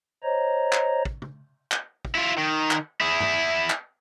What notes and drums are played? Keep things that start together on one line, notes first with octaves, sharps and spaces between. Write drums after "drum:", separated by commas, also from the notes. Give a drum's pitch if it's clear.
C5 C#5 D#5 A#5
drum: clap
drum: kick
drum: tom
drum: clap
drum: kick
E4 F4
D#3
drum: clap
E4 G#4
drum: tom G2
drum: clap